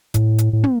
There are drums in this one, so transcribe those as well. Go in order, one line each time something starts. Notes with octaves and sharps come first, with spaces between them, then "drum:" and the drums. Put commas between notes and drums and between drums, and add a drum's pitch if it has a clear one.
A2, drum: kick, hi-hat
drum: hi-hat
A2
drum: tom